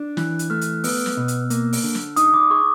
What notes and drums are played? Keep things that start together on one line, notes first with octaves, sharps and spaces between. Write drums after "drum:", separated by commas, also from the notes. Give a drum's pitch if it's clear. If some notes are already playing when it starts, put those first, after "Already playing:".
Already playing: D4
E3 F#6, drum: snare
drum: hi-hat
A3 F6
drum: hi-hat
B3 E6, drum: open hi-hat
drum: snare
B2
drum: hi-hat
A#3, drum: hi-hat
drum: open hi-hat
D3
drum: snare
D#4 D#6, drum: hi-hat
D6
G#4 C#6